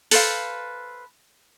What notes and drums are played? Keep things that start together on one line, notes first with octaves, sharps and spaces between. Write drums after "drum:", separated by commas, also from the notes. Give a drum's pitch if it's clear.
A4 B4 C5 F5, drum: open hi-hat